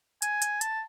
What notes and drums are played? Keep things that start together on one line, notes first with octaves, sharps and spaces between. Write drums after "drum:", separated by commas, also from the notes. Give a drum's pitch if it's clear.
G#5, drum: hi-hat
drum: hi-hat
A5, drum: hi-hat